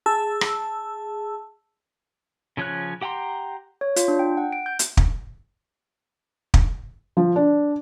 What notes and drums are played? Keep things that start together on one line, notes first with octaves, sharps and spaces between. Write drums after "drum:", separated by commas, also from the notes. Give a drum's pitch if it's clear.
G#4 A5 E6
drum: rim click
C#3 F3 C#4 C#5 F#6
G4 F#5 G5 A#5 C6
C#5
F4, drum: hi-hat
D4
G5
F#5
D7
G6
drum: hi-hat
drum: kick
drum: kick
F3
D4